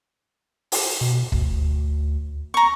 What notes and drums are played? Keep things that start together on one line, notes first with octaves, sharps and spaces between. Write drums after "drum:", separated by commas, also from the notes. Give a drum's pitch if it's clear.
drum: open hi-hat
B2
D2, drum: kick
A#5 C#6